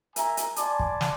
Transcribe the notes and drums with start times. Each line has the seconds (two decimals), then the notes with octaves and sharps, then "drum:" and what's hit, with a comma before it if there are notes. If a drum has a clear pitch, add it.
0.16 A#4 E5 G#5 A#5, drum: hi-hat
0.37 drum: hi-hat
0.56 D5 G#5 A5 B5 C6 D6, drum: hi-hat
0.79 drum: kick
1.01 drum: snare